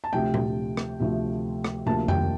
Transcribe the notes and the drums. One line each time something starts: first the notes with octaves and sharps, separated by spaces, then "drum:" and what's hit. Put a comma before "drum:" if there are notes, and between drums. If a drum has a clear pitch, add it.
A5
D2 C3 F3 A3 G5
drum: tom A#2
drum: rim click
D2 C3 F3 A3
drum: rim click
D2 C3 F3 A#3 A5
G5, drum: tom F2